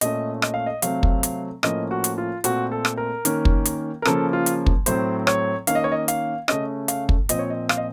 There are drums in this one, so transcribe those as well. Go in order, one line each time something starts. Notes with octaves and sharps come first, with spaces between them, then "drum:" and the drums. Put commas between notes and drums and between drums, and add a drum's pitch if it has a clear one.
A#2 A3 C#4 D#5, drum: hi-hat
D#5, drum: rim click
F5
D#5
C3 F#3 A3 C4 F5, drum: hi-hat
drum: kick
drum: hi-hat
A2 F3 A#3 C#4 D#5, drum: rim click
F#4
drum: hi-hat
F4
A#2 A3 C4 F#4, drum: hi-hat
A4
drum: rim click
A#4
D#3 A#3 C#4, drum: hi-hat
drum: kick
drum: hi-hat
A#4
C#3 F3 A#3 C#4 A4, drum: rim click
F4
drum: hi-hat
drum: kick
A2 F#3 C4 C5, drum: hi-hat
C#5, drum: rim click
D#3 A#3 C#4 F5, drum: hi-hat
D#5
C#5
D#5
F5, drum: hi-hat
C#3 A3 C#4 D#5, drum: rim click
F5, drum: hi-hat
drum: kick
A#2 F3 C4 D#5, drum: hi-hat
C#5
D#5
F5, drum: rim click
D#5